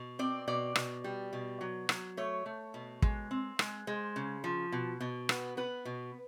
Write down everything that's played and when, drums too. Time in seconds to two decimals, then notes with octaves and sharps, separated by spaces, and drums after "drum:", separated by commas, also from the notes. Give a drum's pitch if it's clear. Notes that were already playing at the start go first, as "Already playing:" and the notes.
Already playing: B2
0.19 C4 D5
0.48 B2 D5
0.76 B2, drum: rim click
1.04 G3
1.33 B2
1.61 F#3
1.89 F#3, drum: rim click
2.17 A3 C#5
2.46 A3
2.74 B2
3.02 G#3, drum: kick
3.31 C4
3.59 G#3, drum: rim click
3.87 G#3 C5
4.16 C#3
4.44 F3
4.72 B2
5.01 B2
5.29 B3, drum: rim click
5.57 B3 B4
5.85 B2